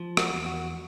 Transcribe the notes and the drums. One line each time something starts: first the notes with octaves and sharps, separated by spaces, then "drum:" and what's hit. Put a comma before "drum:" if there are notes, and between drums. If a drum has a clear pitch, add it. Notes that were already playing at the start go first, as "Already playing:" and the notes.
Already playing: F3
F#4, drum: rim click
E2
F#4